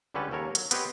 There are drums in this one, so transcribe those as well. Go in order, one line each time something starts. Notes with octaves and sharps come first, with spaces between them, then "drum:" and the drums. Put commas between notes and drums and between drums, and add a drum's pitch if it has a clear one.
C#2 D3 G3 C#4 A4 B4
D#2 A4 A#4 C#5
F#3, drum: hi-hat
B3 C4 G4 B4 C#5 D#5, drum: hi-hat